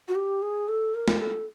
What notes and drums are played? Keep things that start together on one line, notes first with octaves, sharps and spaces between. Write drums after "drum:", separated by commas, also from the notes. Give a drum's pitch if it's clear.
F#4
G4
G#4
A4
A#4
drum: snare
A4